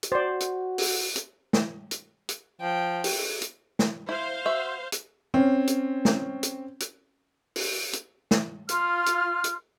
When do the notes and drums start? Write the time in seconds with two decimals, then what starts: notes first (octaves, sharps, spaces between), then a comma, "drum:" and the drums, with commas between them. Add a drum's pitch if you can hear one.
0.03 drum: hi-hat
0.12 F#4 C5 D5
0.40 drum: hi-hat
0.78 drum: open hi-hat
1.16 drum: hi-hat
1.53 drum: snare
1.91 drum: hi-hat
2.29 drum: hi-hat
2.61 F3 G5
3.04 drum: open hi-hat
3.42 drum: hi-hat
3.79 drum: snare
4.09 E4 C5 F5
4.46 F#4 E5
4.92 drum: hi-hat
5.34 C4 C#4
5.67 drum: hi-hat
6.05 drum: snare
6.43 drum: hi-hat
6.80 drum: hi-hat
7.56 drum: open hi-hat
7.93 drum: hi-hat
8.31 drum: snare
8.69 F4 F6, drum: hi-hat
9.06 drum: hi-hat
9.44 drum: hi-hat